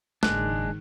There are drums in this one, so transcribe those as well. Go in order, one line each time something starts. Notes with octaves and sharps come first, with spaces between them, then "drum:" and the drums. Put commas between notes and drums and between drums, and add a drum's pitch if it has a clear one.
F#1 G#2 D#3 G#3 A#3 D4 F#6, drum: snare